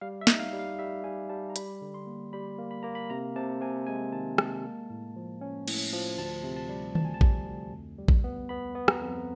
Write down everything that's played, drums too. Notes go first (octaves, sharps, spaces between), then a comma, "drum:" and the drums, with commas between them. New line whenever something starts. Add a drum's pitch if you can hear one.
G3 F5
E5
D#4, drum: snare
F5
G3
F5
G3 E5
G3 G#5
G3 A5
A#5
G3 B5, drum: hi-hat
D3
C6
A#3
G3 B5
A#3
B5
A#3 A#5
B5
C3 A#5
C3 A5
C3 G#5
G#3 G#5
D#3 A5
G#3 A5, drum: rim click
A#3
A2
F3
C#4
A2, drum: cymbal
F3
D2 A5
C3
A5
G3
D2 A5, drum: tom D#3
G#5
A5
G3, drum: kick A1
D2
F2
G3
drum: kick A1
B3
B3 B5
B3
A#5, drum: rim click
F2